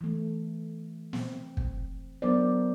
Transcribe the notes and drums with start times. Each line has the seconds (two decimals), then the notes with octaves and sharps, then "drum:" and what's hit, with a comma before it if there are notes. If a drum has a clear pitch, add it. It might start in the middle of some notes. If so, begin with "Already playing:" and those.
0.01 E3 A3
1.13 C4, drum: snare
1.57 drum: kick
2.22 F#3 B3 D4 A#4 C5 D5